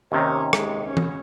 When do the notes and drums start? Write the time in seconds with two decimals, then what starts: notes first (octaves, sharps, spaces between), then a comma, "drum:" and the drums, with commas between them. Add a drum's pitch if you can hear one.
0.12 D#2 C3 D#3 C#4
0.53 G#3, drum: rim click
0.85 C#4
0.97 drum: tom E3